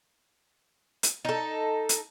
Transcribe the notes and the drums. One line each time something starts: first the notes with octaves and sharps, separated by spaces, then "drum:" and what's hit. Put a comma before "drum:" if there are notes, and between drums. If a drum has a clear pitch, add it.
drum: hi-hat
D#4 A4
drum: hi-hat